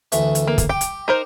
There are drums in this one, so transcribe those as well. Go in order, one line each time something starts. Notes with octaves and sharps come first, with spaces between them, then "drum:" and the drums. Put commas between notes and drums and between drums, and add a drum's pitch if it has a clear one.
D2 E3 A3, drum: hi-hat
drum: hi-hat
A#3
drum: kick, hi-hat
G4 G5
drum: hi-hat
D#4 A#4 C5